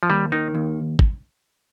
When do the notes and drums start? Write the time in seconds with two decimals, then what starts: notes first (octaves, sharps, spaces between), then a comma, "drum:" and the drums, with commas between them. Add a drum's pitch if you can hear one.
0.03 F3
0.10 D#2 G3
0.32 D#3 D#4
0.55 D#2
0.99 drum: kick